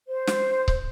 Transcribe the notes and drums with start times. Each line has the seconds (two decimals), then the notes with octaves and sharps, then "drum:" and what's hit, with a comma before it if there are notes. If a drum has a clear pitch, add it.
0.07 C5
0.27 drum: snare
0.68 drum: kick C#1